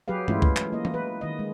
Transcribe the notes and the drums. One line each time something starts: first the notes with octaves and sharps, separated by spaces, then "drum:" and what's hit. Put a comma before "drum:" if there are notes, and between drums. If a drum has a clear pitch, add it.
F#3 G4 G#4 B4 F5
E3 G#3 A3 C#4 E4 F4, drum: tom G2
drum: kick
drum: clap
A#3 D#5
drum: tom E3
B4
D#3 D#5
G#3